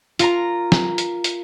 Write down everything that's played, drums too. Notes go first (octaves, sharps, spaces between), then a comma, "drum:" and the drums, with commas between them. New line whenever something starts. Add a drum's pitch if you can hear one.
F4 A#4 A#5, drum: hi-hat
drum: snare
drum: hi-hat
drum: hi-hat